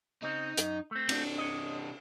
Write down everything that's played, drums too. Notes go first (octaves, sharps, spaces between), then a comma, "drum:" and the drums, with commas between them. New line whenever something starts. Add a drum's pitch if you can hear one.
C#3 C4 D#4
F#2, drum: hi-hat
A3 C4
C3 D4, drum: cymbal
C#5 D#5